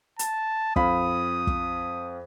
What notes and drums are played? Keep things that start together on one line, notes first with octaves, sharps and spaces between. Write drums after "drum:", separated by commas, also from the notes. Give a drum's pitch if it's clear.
A5, drum: hi-hat
F2 F5 B5 D#6, drum: kick
drum: kick